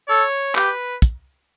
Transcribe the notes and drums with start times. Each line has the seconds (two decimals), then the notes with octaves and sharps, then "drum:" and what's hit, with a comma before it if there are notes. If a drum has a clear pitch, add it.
0.09 A4 C#5
0.55 G4 B4, drum: clap
1.02 drum: kick, hi-hat